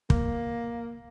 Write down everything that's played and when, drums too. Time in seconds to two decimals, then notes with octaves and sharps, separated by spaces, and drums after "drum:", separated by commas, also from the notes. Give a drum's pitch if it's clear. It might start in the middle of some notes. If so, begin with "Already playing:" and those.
0.10 A#3, drum: kick